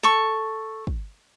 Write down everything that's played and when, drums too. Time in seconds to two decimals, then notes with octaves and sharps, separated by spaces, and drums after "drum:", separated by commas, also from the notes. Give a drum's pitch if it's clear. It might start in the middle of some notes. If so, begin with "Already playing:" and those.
0.03 A4 C#6
0.87 drum: kick